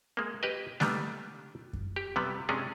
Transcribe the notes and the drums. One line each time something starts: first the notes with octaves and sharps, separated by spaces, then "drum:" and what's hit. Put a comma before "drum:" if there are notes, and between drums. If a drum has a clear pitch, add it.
G#3 A#3
G4 B4 D#5
D#3 G3 A3 B3 D4, drum: snare G#3
drum: kick F#2
G4
C3 G3 B3
C3 G#3 C#4 D4 G#4